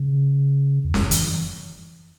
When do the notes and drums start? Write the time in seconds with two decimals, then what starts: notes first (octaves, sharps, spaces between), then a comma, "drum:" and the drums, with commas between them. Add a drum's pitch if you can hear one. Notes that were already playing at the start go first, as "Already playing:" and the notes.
Already playing: C#3
0.85 E2
0.94 F#2, drum: snare
1.11 E3, drum: hi-hat